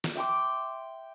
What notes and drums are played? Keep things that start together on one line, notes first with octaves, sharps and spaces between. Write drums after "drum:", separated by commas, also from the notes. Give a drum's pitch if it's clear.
drum: snare
E5 G5 C6 D6